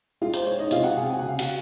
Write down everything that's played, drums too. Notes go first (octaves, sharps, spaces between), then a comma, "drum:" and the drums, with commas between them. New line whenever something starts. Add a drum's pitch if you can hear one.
G#3 F4 F5
C5, drum: hi-hat
G#3 C#5
D#4 D#5
C3 F4 F5, drum: hi-hat
F#4 F#5
C3 G#4 G#5
G#5
C#3 F#5
F5
F#4 F#5, drum: cymbal